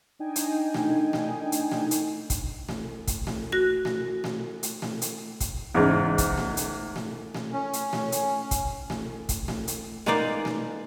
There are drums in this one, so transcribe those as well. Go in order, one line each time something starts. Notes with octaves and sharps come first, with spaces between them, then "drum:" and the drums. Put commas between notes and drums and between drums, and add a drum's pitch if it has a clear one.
D4 D#4 D#5 G5 G#5
drum: hi-hat
drum: snare A3
drum: snare A3
drum: hi-hat
drum: snare A3
drum: hi-hat
drum: kick, hi-hat
drum: snare A3
drum: kick, hi-hat
drum: snare A3
F#4 F#6 A#6
drum: snare A3
drum: snare A3
drum: hi-hat
drum: snare A3
drum: hi-hat
drum: kick, hi-hat
E2 G#2 C#3
drum: kick, hi-hat
drum: snare A3
drum: hi-hat
drum: snare A3
drum: snare A3
C#4
drum: hi-hat
drum: snare A3
drum: hi-hat
drum: kick, hi-hat
drum: snare A3
drum: kick, hi-hat
drum: snare A3
drum: hi-hat
G#3 A#3 B3 D#4 D5 F5, drum: snare A3
drum: snare A3